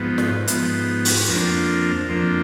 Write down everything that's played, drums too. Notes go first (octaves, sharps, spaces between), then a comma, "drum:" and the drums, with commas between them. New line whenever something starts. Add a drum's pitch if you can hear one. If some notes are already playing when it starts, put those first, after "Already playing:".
Already playing: G#2 F3 B3
drum: snare
G#2 F3 B3, drum: hi-hat
drum: open hi-hat
F2 F3 A#3 D4
F2 F3 A#3 D4